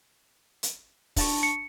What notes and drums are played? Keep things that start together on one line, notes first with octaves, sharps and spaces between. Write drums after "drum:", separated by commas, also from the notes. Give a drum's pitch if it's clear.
drum: hi-hat
D4 A5 C#6, drum: kick, open hi-hat
C#7